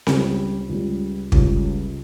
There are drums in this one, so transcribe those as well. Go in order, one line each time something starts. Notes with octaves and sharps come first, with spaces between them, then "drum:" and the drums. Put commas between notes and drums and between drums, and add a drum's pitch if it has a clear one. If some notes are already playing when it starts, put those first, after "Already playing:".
C#2 C#3 G3, drum: snare C4
C#2 C#3 G3
C#2 C#3 G3, drum: kick